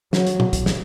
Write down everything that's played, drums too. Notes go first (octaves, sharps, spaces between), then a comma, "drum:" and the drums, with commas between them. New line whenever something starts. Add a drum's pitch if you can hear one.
F#3, drum: snare
drum: hi-hat
drum: tom
drum: kick, hi-hat
drum: snare